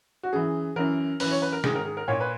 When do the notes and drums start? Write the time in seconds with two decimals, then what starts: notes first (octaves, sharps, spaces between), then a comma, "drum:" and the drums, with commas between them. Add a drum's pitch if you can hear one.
0.23 F#4
0.33 F#2 E3 G#4
0.76 F#2 E3 A#4
1.20 F#2 E3 B4, drum: open hi-hat
1.31 C#5
1.42 B4
1.52 A#4
1.64 G#2 D#3 G#4, drum: snare
1.75 A#4
1.86 G#4
1.97 A#4
2.08 A#2 C#5
2.20 B4